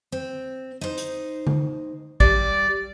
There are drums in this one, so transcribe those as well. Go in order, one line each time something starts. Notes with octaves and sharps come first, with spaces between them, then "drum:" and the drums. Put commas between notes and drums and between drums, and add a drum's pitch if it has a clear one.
C4
D#4 C5
drum: hi-hat
drum: tom D3
G3 D5, drum: kick